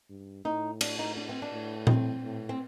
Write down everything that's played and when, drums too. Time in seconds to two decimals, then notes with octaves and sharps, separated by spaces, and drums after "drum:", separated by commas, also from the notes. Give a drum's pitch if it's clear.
0.09 G2
0.45 A2 D#4
0.81 D4, drum: cymbal
0.99 D#4
1.17 D4
1.29 C4
1.42 D4
1.52 A2
1.87 C4, drum: tom A#2
2.23 A2
2.49 C4